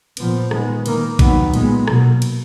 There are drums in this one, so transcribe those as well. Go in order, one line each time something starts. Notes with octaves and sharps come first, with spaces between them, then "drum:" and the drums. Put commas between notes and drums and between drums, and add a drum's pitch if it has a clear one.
A#2 F3 B3, drum: cymbal
D#3 G#3 B3, drum: rim click
D#3 A#3, drum: cymbal
D#3 F#3 B3, drum: kick A#1, cymbal
A#2 G#3 B3, drum: cymbal
B2 F#3 A#3, drum: rim click
drum: cymbal